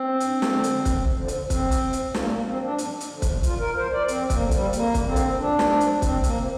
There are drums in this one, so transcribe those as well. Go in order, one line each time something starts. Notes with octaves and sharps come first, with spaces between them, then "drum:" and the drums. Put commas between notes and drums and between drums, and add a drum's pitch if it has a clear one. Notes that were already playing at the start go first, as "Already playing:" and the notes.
Already playing: C4
G2, drum: hi-hat
drum: snare
D3 F3
drum: hi-hat
F2, drum: kick, hi-hat
D3 F3
drum: hi-hat
F2 C4, drum: kick, hi-hat
drum: hi-hat
C3 F3
drum: hi-hat
A#2 A#3, drum: snare
A#3
F3 C4
D4
G2, drum: hi-hat
drum: hi-hat
D3 F3
drum: kick, hi-hat
A#2 F4, drum: hi-hat
A#4
F3 C5
D5
F2 C4, drum: hi-hat
A#3, drum: kick, hi-hat
D3 F3
G3, drum: hi-hat
F2 A#3, drum: hi-hat
drum: kick, hi-hat
D3 F3 C4
drum: hi-hat
A#2 D4
drum: snare
F3
drum: hi-hat
F2 C4, drum: kick, hi-hat
A#3, drum: hi-hat
C3 F3